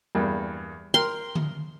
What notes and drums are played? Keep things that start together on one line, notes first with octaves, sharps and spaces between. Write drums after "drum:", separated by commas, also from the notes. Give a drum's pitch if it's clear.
E2 G2 A#3
A#4 G5 C6
drum: tom D3